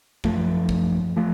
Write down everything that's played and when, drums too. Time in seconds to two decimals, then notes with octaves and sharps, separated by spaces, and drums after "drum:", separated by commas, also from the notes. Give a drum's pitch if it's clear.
0.24 F#2 F3 A3, drum: kick
0.69 drum: kick
1.17 F3 A3